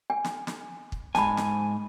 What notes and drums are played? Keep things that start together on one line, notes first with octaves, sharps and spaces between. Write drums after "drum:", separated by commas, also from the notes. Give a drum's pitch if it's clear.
G#5
drum: snare
drum: snare
drum: kick
G#2 G#5 A5 B5, drum: snare
drum: snare